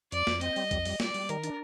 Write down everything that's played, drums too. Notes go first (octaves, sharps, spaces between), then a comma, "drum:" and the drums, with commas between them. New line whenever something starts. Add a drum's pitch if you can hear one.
F2 D5, drum: hi-hat
F2, drum: snare
C4 D#5, drum: hi-hat
G3, drum: open hi-hat
F2, drum: kick A#1, hi-hat
G3, drum: open hi-hat
G3 D5, drum: snare
G3, drum: open hi-hat
D#3 A#4, drum: hi-hat
D4, drum: hi-hat